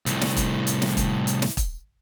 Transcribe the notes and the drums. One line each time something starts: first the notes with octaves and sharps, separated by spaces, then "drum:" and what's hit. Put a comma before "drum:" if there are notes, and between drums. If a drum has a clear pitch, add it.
C2 A2, drum: hi-hat
drum: snare
drum: kick, hi-hat
drum: hi-hat
drum: snare
drum: kick, hi-hat
drum: hi-hat
drum: snare
drum: kick, hi-hat